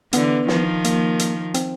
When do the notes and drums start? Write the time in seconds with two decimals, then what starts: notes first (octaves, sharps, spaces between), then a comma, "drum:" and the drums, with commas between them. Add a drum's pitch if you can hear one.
0.13 D3 E3 B3, drum: hi-hat
0.48 D#3 F3, drum: snare
0.84 A#3, drum: hi-hat
1.19 drum: hi-hat
1.54 C4, drum: hi-hat